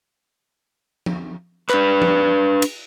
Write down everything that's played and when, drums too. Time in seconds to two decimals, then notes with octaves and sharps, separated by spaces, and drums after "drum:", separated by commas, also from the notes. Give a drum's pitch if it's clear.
1.06 drum: tom F3
1.70 D4 B4, drum: clap
2.02 drum: tom F3
2.62 drum: cymbal